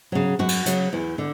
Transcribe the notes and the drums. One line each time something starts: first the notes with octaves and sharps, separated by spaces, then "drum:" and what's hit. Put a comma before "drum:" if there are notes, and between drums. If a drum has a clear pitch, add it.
C#3 F#3
F#2 F#4
drum: cymbal
C#3 F#3, drum: hi-hat
E2
D3